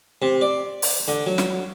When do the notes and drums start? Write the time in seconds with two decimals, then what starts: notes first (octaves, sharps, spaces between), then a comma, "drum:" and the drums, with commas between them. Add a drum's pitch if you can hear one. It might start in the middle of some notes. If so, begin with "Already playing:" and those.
0.22 C3
0.41 D5
0.82 drum: open hi-hat
1.08 D3
1.26 F#3
1.38 drum: snare